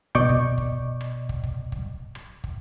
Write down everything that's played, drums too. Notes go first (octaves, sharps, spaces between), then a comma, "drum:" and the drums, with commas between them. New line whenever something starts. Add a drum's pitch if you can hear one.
B2 D5 D#5 C#6 D6 G6, drum: kick
drum: kick
drum: kick
drum: rim click
drum: kick
drum: kick
drum: kick
drum: rim click
drum: kick